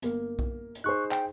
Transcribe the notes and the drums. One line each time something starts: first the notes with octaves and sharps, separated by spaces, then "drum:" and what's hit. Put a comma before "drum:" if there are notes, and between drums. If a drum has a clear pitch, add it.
G1 A#3, drum: hi-hat
drum: kick B1
drum: hi-hat
D#4 G#4 C5 C#6 F#6
G5, drum: clap